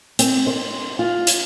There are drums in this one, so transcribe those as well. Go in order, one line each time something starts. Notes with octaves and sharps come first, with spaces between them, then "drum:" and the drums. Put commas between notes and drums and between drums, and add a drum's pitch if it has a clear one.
C4, drum: hi-hat
C5
F4
drum: hi-hat